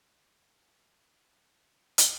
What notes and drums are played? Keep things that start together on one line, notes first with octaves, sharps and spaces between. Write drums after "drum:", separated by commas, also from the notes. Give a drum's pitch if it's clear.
F5
D2 D3 A3 C4 D5
F2 D3 A3 D4
G5
C2 C3 A3 F5
C2 C3 G3
drum: hi-hat